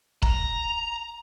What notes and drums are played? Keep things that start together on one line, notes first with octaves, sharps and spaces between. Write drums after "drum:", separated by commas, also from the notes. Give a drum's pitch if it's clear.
A#5, drum: kick